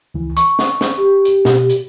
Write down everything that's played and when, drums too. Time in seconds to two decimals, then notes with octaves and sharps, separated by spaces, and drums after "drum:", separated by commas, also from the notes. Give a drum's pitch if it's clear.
0.14 C#2 E3
0.37 C#6, drum: hi-hat
0.59 drum: snare
0.81 drum: snare
0.97 G4
1.25 drum: hi-hat
1.45 B2, drum: snare
1.70 drum: hi-hat